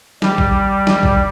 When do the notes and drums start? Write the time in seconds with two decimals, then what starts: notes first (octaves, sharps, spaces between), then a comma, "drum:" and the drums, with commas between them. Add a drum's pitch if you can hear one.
0.22 G3, drum: snare
0.38 drum: kick
0.87 drum: snare
1.03 drum: kick